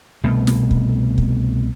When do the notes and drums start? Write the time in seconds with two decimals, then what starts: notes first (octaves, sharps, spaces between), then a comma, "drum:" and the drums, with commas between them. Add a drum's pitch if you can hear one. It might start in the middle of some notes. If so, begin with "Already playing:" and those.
0.24 C2 B2 A3
0.47 drum: snare
0.71 drum: kick
1.18 drum: kick